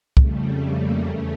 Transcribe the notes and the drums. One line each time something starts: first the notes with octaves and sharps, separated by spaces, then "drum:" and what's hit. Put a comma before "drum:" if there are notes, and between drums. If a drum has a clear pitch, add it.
F2 C#3 G3 A3, drum: kick C2
A#3
E2 C#3 A3 C#4